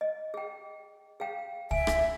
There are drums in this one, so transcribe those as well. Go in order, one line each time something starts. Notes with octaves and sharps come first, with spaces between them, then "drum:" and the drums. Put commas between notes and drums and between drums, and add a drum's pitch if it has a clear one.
D#5
G#4 G5
G#4 F5 G5
E5 G#5, drum: kick
drum: rim click